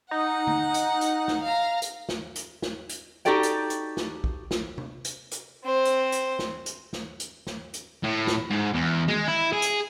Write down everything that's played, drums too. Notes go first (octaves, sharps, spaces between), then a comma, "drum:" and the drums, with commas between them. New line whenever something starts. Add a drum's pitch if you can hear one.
D#4 F#5
drum: tom D3
drum: hi-hat
drum: hi-hat
drum: snare
F5 A#5
drum: hi-hat
drum: snare
drum: hi-hat
drum: snare
drum: hi-hat
D#4 F#4 G4 A4 D5 G5
drum: hi-hat
drum: hi-hat
drum: snare
drum: kick B1
drum: snare
drum: tom C3
drum: hi-hat
drum: hi-hat
C4 C5
drum: hi-hat
drum: hi-hat
drum: snare
drum: hi-hat
drum: snare
drum: hi-hat
drum: snare
drum: hi-hat
A2
drum: snare
G#2
E2
G#3, drum: tom
E4
G#4
drum: hi-hat